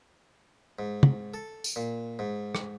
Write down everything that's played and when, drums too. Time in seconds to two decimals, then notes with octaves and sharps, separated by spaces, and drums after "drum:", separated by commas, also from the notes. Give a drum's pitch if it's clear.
0.79 G#2
1.03 drum: tom
1.34 A4
1.64 drum: tambourine
1.76 A#2
2.19 G#2
2.55 drum: rim click